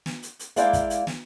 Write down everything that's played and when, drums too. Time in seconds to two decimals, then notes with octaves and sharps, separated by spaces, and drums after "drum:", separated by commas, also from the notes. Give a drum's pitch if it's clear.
0.06 drum: snare
0.23 drum: hi-hat
0.39 drum: hi-hat
0.56 G#3 A#3 E4 D5 F5 G5, drum: hi-hat
0.73 drum: kick, hi-hat
0.90 drum: hi-hat
1.07 drum: snare